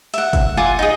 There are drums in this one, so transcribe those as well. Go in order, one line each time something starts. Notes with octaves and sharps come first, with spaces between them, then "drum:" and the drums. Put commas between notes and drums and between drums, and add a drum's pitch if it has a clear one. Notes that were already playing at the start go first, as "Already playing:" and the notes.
E5 F#5, drum: hi-hat
drum: kick, hi-hat
F4 F#5 G#5 D6
D#4 G#4